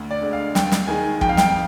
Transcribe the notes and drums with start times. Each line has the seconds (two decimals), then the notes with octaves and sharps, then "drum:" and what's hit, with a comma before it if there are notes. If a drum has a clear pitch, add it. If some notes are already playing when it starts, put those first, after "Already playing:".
Already playing: D2
0.11 D5
0.22 D3 G#3
0.33 F5
0.55 D#2 G5, drum: snare
0.72 drum: snare
0.88 D#3 G#3 G#5
1.21 F2 G5, drum: kick
1.29 F5
1.37 G5, drum: snare